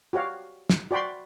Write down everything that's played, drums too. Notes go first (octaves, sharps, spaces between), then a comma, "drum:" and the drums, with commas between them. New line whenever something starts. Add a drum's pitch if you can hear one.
F#4 G4 C#5 F5
drum: snare
F#4 D5 G5 B5 C6